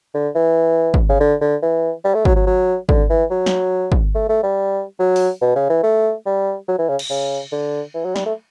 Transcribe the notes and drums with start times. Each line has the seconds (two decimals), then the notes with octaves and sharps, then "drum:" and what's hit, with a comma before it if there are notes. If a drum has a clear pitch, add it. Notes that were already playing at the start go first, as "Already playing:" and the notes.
0.14 D3
0.35 E3
0.94 drum: kick
1.09 C#3
1.20 D3
1.41 D3
1.62 E3
2.04 G3
2.15 A3
2.25 F#3, drum: kick
2.36 F#3
2.47 F#3
2.89 D3, drum: kick
3.10 E3
3.31 F#3
3.46 drum: snare
3.92 drum: kick
4.15 A3
4.29 A3
4.43 G3
4.99 F#3
5.16 drum: open hi-hat
5.42 B2
5.55 C#3
5.70 E3
5.83 A3
6.26 G3
6.68 F#3
6.79 E3
6.89 C#3
6.99 drum: cymbal
7.10 C#3
7.52 D3
7.94 E3
8.05 F#3
8.16 G3, drum: snare
8.26 A3